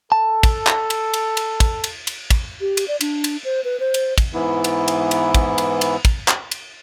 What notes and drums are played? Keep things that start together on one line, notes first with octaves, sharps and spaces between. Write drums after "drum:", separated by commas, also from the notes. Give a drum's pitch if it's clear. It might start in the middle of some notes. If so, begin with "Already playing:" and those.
A4 A5
drum: kick, cymbal
drum: clap
drum: cymbal
drum: cymbal
drum: cymbal
drum: kick, cymbal
drum: cymbal
drum: cymbal
drum: kick, cymbal
G4
drum: cymbal
D5
D4, drum: cymbal
drum: cymbal
C5
B4
C5
drum: cymbal
drum: kick, cymbal
G#2 E3 B3 E4
drum: cymbal
drum: cymbal
drum: cymbal
drum: kick, cymbal
drum: cymbal
drum: cymbal
drum: kick, cymbal
drum: clap
drum: cymbal